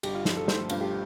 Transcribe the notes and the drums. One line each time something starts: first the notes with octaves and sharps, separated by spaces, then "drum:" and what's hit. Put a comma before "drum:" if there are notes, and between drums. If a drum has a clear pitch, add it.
G1 G4, drum: cymbal
F4
F3, drum: snare
A4
A3 C5, drum: snare
A4
G2 F4, drum: cymbal
G4